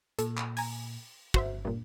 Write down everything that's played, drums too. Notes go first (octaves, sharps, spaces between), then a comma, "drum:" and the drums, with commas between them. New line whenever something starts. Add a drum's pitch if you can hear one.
A#2 A4, drum: hi-hat
drum: clap
G#5 A#5, drum: open hi-hat
G1 F#4 C5 E5, drum: kick
G2 A#2